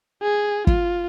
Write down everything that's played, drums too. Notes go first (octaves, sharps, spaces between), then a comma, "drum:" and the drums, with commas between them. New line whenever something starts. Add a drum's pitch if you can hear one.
G#4
F4, drum: kick